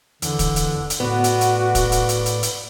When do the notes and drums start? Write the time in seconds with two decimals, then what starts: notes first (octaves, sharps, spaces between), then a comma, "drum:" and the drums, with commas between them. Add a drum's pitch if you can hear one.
0.22 E2 D3, drum: hi-hat
0.39 drum: kick, hi-hat
0.56 drum: hi-hat
0.90 drum: hi-hat
1.00 A2 B3 F#4 B4 D5
1.24 drum: hi-hat
1.41 drum: hi-hat
1.75 drum: kick, hi-hat
1.92 drum: hi-hat
2.09 drum: hi-hat
2.26 drum: hi-hat
2.43 drum: hi-hat